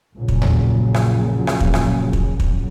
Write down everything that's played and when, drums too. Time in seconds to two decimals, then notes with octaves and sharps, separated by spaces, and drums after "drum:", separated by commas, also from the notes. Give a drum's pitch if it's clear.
0.15 A#1 F#2 A#2 C#3 F#3
0.28 drum: kick
0.42 drum: tom D#2
0.94 drum: rim click
1.47 drum: rim click
1.60 drum: kick
1.74 drum: rim click
2.13 drum: kick
2.40 drum: kick